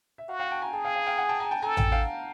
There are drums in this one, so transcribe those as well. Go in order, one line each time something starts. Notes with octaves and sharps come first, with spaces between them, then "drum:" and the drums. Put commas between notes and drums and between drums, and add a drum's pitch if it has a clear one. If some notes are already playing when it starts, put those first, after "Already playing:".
E5
F#4 F5
F5 G5
G5 A5
G#5 A#5
G#4 G5 A5
F5 G5
F5
F5 G5
F#5 G#5
G5 A5
G#5 A#5
G5 A5
A4 G#5 A#5
G5 A5, drum: tom A1
F5 G5